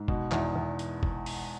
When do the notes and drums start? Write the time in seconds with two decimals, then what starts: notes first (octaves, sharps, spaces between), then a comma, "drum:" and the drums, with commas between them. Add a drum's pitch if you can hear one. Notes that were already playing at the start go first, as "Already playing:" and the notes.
Already playing: G#2
0.08 B2, drum: kick F#1
0.32 E2, drum: clap
0.55 E2
0.79 drum: hi-hat
1.03 drum: kick F#1
1.26 drum: open hi-hat